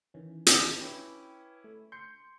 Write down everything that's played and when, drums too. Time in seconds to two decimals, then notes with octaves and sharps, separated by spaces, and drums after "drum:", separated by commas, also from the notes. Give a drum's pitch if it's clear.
0.14 D#3 E3 C#4
0.46 drum: hi-hat
0.81 C#4 E4 B4 G5 D6
1.64 A3
1.92 C6 G6 C#7